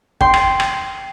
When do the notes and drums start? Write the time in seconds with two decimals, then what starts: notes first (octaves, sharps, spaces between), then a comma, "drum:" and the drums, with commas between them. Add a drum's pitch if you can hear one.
0.21 G5 C6, drum: kick
0.34 drum: rim click
0.60 drum: rim click